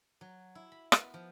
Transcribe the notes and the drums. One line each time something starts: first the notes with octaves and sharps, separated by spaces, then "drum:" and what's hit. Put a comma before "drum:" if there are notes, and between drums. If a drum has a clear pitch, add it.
F#3
E4
B5
B3, drum: rim click
F3